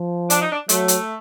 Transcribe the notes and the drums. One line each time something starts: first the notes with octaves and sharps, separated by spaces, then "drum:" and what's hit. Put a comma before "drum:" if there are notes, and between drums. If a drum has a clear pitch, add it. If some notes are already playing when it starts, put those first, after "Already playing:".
Already playing: F3
D4, drum: hi-hat
D#4
D4
F#3 A3, drum: hi-hat
drum: hi-hat